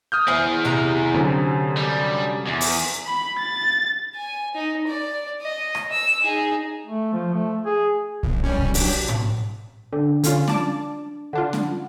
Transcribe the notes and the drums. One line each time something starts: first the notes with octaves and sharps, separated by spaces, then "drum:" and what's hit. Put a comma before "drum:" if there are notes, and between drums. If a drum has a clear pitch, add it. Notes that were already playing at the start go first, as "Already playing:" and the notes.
D#6 F6 G6
E4 G#4 C5
C3 A#5
F#2 D3 C4
G3
E2
drum: open hi-hat
B5
A6
G#5
D#4
D5
D#5
drum: rim click
E6
D#4 G#4
A3
F3
A3
G#4
A#1, drum: kick A#1
G3 C#4
drum: kick A#1
F#3 D4 G4, drum: open hi-hat
drum: tom A2
D3 D4
D3 C#4 F4, drum: hi-hat
D5 A5 D6, drum: snare C#4
D3 D4 F4 F#5
drum: snare C#4